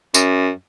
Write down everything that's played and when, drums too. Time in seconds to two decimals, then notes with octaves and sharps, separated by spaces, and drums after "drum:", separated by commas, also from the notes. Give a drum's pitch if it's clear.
0.14 F#2, drum: tambourine